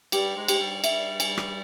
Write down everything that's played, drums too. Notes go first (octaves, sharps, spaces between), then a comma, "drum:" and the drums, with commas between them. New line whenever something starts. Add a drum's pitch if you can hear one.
G2 G3 G4, drum: cymbal
G#2 G#3
G4, drum: cymbal
G2 G3
G2 G3 E5, drum: cymbal
G#5, drum: cymbal
drum: rim click